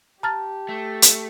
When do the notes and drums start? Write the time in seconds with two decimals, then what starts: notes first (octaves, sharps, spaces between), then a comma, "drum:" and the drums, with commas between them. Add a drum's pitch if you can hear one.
0.23 G4 A5 A#5 F6 A6
0.69 A3
1.02 drum: hi-hat